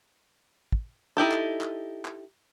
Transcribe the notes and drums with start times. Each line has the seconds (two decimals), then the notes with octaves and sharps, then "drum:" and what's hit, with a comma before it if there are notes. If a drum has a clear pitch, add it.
0.72 drum: kick
1.17 D#4 E4 G4 A4
1.31 drum: clap
1.61 drum: clap
2.05 drum: clap